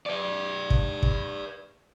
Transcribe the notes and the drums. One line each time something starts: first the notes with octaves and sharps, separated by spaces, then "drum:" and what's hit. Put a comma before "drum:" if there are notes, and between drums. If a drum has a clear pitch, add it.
B4 D5
drum: kick
drum: kick